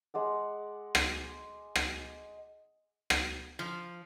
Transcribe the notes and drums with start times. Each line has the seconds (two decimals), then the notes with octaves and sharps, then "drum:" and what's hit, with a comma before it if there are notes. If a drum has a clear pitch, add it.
0.14 G#3 D5 F#5
0.95 drum: rim click
1.76 drum: rim click
3.10 drum: rim click
3.59 F3